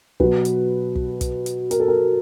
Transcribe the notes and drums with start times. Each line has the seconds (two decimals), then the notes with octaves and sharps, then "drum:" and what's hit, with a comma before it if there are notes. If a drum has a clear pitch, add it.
0.20 B2 F#3 B4, drum: kick
0.45 drum: hi-hat
0.95 drum: kick
1.21 drum: kick, hi-hat
1.46 drum: hi-hat
1.71 A#4, drum: hi-hat
1.80 A4
1.88 A#4